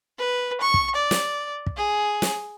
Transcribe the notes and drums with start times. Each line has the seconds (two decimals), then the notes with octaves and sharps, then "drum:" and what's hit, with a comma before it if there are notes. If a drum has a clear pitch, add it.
0.18 B4
0.61 C#6
0.74 drum: kick
0.95 D5
1.11 drum: snare
1.66 drum: kick
1.76 G#4
2.22 drum: snare